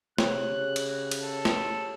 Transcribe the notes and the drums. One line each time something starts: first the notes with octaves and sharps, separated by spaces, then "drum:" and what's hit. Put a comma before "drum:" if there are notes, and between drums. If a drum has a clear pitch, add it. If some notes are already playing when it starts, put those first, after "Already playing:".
C3 G4 G#4 C#5 F#6, drum: snare
C#3
drum: cymbal
drum: cymbal
A4
drum: snare